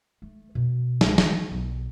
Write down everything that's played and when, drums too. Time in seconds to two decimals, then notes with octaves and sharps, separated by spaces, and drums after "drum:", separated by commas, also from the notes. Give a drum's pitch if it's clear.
0.22 A3
0.55 B2
1.01 D1 C#2, drum: snare
1.18 D3 E3, drum: snare
1.51 B1